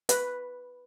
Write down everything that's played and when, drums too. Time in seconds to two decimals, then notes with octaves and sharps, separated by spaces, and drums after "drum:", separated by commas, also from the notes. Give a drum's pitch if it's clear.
0.09 B4, drum: hi-hat